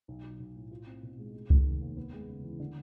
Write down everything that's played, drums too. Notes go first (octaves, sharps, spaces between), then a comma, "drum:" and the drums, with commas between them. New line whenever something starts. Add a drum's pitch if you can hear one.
B1
F#3
B1
A2
F4
C4
B2
G#3
G#3
D#3, drum: kick C#2
F1
D#2
B3
G#3
C#3
E3
D3